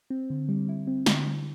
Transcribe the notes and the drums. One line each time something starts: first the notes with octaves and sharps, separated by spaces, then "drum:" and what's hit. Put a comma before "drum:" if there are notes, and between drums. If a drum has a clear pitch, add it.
C4
D3
G3
E4
C4
D3, drum: snare
G3